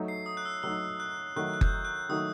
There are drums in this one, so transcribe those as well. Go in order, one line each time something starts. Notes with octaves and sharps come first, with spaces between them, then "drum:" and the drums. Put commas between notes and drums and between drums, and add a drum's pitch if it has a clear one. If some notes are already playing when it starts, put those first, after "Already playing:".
Already playing: F#3 A3 D#4
C7
D#6
F#6
E6
F#3 A3 D#4 E6
F#6
D#3 F#3 A3 D#4 F#4 F#6
F#6
G6, drum: kick F#1
F#6
D#3 F#3 A3 D#4 F#4 D#6